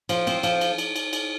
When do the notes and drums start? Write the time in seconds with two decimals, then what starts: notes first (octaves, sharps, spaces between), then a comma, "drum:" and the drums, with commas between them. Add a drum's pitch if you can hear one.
0.09 F3, drum: cymbal
0.27 C4, drum: cymbal
0.43 F3, drum: cymbal
0.61 drum: cymbal
0.78 drum: cymbal
0.96 drum: cymbal
1.13 drum: cymbal